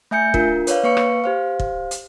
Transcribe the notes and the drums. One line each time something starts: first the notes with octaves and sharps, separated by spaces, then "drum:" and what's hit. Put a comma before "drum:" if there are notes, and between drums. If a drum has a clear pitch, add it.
A3 E5 G#5 G6 C#7
D4 F4 A#4, drum: kick
B4 C#5 D5 F5, drum: hi-hat
A#3 B4 F5 C#6 C#7
drum: rim click
G4 C5 F5
drum: kick
drum: hi-hat